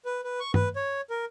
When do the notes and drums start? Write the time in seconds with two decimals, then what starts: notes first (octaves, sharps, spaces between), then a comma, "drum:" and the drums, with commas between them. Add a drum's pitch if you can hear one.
0.05 B4
0.24 B4
0.40 C#6
0.54 B4, drum: tom G2
0.76 C#5
1.10 A#4